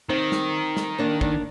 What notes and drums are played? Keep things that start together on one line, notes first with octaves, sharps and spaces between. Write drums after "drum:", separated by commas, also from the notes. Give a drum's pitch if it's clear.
D#3 C4 D#4
drum: snare
drum: snare
A#3 D4
A#3 D4, drum: kick